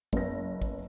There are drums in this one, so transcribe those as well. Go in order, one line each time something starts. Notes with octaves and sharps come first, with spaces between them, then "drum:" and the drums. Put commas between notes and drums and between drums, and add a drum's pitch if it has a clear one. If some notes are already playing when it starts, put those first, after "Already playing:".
F#1 B3 A#6, drum: kick
drum: kick